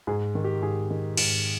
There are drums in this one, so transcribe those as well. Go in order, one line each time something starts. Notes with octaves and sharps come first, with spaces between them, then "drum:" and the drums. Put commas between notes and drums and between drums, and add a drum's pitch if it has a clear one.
G#2 G#4
D#3
G4
G#2 G#4
D#3
G#2, drum: cymbal